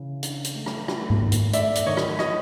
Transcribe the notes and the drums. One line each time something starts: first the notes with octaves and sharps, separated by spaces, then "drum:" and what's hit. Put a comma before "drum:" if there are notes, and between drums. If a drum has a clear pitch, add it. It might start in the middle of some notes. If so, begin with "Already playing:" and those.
Already playing: C#3 E3
D4, drum: hi-hat
drum: hi-hat
A3
drum: rim click
A3, drum: rim click
drum: tom G#2
D#3
drum: hi-hat
A3 D5 E5, drum: hi-hat
drum: hi-hat
D#3 C#5 D#5
drum: rim click
F3 C#5 D#5, drum: rim click